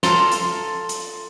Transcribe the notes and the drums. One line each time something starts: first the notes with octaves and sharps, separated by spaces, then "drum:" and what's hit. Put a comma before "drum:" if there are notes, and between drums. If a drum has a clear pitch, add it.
F4 A4 A#5 C6, drum: snare
drum: hi-hat
drum: hi-hat